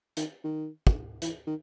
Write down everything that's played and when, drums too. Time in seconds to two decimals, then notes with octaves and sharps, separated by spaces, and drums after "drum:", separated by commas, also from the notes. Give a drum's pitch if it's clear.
0.17 D#3, drum: hi-hat
0.44 D#3
0.87 drum: kick
1.22 E3, drum: hi-hat
1.47 D#3